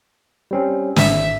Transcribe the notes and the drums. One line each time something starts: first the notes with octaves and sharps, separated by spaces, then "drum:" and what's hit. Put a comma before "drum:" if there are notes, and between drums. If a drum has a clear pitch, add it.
G3 C4 C#4
G#1 E5, drum: snare